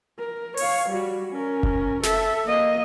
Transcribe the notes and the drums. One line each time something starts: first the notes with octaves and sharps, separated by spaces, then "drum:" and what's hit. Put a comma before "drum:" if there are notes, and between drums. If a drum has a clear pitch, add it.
A#4
C#5 F5, drum: open hi-hat
G3 F#4
C#4 A#4
drum: kick F#1
A4 E5, drum: snare
A#3 D#5